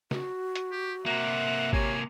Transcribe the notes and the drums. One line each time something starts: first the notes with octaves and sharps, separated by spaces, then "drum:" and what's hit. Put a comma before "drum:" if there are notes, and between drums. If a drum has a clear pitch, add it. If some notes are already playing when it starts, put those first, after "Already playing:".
F#4, drum: snare
drum: hi-hat
G4
C3 A#3 E5 F#5
G4 C#5 G#5, drum: kick G#1